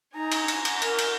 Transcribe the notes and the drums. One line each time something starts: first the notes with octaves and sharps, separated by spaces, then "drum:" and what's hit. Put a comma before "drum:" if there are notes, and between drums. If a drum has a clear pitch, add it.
D#4 G#5 A#5
drum: cymbal
drum: cymbal
drum: cymbal
A#4, drum: cymbal
drum: cymbal